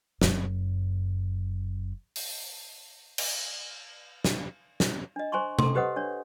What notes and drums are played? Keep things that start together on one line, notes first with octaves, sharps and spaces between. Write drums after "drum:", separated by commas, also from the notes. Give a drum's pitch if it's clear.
F#1 F#2, drum: snare
drum: open hi-hat
drum: cymbal
drum: snare
drum: snare
D4 D#5
C5 G#5 A#5 C6 C#6
A4 C6, drum: tom C3
G4 B4 C5 D#5 F#5 D#6
D4 C#5